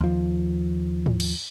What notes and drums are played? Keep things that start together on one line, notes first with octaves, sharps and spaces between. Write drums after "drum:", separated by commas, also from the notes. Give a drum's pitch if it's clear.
D#2 F3
drum: tom G#2
drum: cymbal